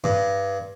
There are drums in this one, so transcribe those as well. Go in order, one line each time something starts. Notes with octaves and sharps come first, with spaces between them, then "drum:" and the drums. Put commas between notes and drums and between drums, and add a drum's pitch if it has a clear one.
G2, drum: tom G2